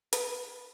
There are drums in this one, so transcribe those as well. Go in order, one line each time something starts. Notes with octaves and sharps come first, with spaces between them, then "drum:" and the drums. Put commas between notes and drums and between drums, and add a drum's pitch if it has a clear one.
B4, drum: hi-hat